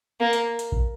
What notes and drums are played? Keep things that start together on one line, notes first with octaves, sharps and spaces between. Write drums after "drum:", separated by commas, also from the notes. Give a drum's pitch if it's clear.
A#3
drum: hi-hat
drum: hi-hat
drum: kick A#1